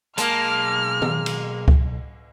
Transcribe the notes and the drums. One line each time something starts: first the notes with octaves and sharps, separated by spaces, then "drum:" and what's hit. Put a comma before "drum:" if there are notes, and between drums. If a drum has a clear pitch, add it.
B1 G#3 A#3 A5 F6, drum: hi-hat
drum: tom
drum: cymbal
drum: kick C#2